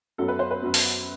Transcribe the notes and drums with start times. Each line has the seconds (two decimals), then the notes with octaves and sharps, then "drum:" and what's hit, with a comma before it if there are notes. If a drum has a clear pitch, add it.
0.18 F#2 F#3 B3 A4
0.28 B4
0.39 C5
0.51 B4
0.62 F#2 F#3 B3
0.74 drum: open hi-hat